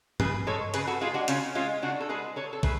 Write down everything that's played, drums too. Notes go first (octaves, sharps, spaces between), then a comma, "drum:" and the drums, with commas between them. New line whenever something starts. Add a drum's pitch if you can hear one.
C#3 G#4 B4, drum: tom G2
G#3 A4 C#5
C#3 G#4 B4, drum: hi-hat
F#4 A4
G#3 F4 G#4
D4 F#4
C#3 C#4 F4, drum: hi-hat
G#3 C#4 F4
C#3 D4 F#4
A4
G#3 G#4 B4
D3 A4 C#5
A4
A3 G#4 B4, drum: kick